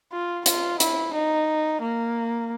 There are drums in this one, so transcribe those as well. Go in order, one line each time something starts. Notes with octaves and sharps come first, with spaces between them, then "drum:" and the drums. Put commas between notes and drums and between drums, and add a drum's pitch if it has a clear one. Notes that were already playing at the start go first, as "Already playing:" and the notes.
F4
F4, drum: hi-hat
E4, drum: hi-hat
D#4
A#3